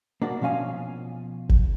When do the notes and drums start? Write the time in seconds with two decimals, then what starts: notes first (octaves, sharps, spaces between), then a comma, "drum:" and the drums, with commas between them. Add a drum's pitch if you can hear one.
0.22 A#3 D4 F#4 D5
0.41 B2 F3 C#4 F5 G#5
1.49 drum: kick G#1